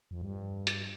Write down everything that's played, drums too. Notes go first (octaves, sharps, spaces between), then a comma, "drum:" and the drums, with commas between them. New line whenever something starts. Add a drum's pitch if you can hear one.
F2
G2
drum: hi-hat